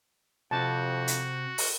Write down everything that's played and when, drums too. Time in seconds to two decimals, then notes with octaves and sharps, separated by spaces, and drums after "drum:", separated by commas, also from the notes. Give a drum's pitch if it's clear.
0.51 F2 C3 C4 F#4 A5
1.08 drum: hi-hat
1.58 drum: open hi-hat